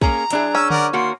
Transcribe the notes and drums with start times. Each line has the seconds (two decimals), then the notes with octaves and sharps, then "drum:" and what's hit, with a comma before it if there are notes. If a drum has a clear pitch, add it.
0.02 A#3 C#4 G#4 A#5, drum: kick
0.30 F#3 D4 E4 G#4, drum: hi-hat
0.55 C#4 E6
0.70 A#4 D5 F#5, drum: tom D3
0.93 D#3 A#3 F#4 C6